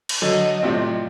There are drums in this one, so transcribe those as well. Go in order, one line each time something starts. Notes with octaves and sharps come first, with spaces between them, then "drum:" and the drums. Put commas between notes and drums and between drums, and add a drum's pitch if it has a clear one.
drum: cymbal
D3 F#3 D#5
A2 C3 C4 F4 D5 F5